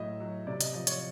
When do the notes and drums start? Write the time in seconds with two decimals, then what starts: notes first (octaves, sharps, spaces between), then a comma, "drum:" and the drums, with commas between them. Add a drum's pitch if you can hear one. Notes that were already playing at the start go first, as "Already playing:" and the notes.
Already playing: A2 F#3 D#5 E5
0.20 F#3
0.47 C3 D5
0.61 D#5, drum: hi-hat
0.74 F3 D#5
0.87 C#5, drum: hi-hat